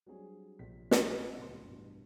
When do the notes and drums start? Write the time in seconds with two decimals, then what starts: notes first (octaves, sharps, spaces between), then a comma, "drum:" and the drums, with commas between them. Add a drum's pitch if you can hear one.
0.06 F#3 G3 C4 D4 G#4 C#5
0.59 A#1 C3 A4 B6
0.91 drum: snare
1.37 D1 C#2 A#2 G3 C6
1.62 A1 G2 B2